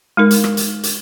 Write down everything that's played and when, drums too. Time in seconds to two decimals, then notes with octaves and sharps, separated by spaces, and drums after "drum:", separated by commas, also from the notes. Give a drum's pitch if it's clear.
0.17 G#3 D#4 A#4
0.31 drum: hi-hat
0.44 drum: rim click
0.57 drum: hi-hat
0.83 drum: hi-hat